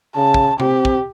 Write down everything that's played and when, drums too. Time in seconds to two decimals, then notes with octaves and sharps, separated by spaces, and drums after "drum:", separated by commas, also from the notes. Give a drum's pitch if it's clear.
0.17 C#3 A5
0.34 drum: kick
0.60 C4 G4, drum: tom C3
0.85 drum: kick